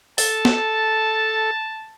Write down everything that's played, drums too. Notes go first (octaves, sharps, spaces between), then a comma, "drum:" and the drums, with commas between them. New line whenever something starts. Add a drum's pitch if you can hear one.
A4 A5, drum: open hi-hat
drum: snare